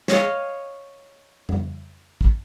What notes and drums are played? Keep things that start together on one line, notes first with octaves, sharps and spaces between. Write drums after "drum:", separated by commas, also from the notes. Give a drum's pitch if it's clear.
C#5 D#5 F5, drum: snare
drum: tom F2
drum: kick